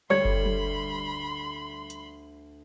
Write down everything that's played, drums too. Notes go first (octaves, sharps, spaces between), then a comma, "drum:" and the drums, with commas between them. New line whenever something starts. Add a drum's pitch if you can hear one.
D2 G3 C#5 B5 C6 G#6
drum: kick F#1
drum: tom
drum: hi-hat